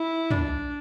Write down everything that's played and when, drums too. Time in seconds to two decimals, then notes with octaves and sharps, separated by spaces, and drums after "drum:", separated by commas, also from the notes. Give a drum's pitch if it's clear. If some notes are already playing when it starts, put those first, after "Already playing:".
Already playing: E4
0.31 D4, drum: tom